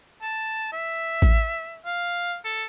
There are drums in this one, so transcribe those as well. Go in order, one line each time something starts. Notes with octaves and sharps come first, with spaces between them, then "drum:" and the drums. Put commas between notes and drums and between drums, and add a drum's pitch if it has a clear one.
A5
E5
drum: kick A1
F5
A4